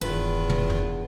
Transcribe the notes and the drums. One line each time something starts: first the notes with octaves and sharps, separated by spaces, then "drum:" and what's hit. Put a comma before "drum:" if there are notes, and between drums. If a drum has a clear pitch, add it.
E1 E2 G2 D#3 F4 B4
drum: tom
drum: tom